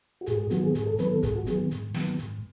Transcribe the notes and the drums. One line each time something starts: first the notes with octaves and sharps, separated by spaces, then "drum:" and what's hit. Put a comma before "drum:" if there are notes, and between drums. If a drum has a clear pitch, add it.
F#4
G#2 G#4, drum: hi-hat
G#4
D#3 F#3 B3 F#4, drum: hi-hat
G#4
G#2 G#4, drum: hi-hat
A4
D#3 F#3 B3 B4, drum: hi-hat
A4
G#2 G#4, drum: kick, hi-hat
F#4
D#3 F#3 B3 G#4, drum: hi-hat
G#2, drum: hi-hat
D#3 F#3 B3, drum: snare
G#2, drum: hi-hat